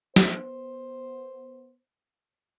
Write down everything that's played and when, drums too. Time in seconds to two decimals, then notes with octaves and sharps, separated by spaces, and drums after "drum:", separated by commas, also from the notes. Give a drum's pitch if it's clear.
0.16 B3 C5, drum: snare